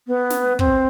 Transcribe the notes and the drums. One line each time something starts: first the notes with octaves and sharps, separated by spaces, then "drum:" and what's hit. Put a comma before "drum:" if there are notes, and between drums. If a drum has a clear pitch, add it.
B3
drum: snare
C4, drum: kick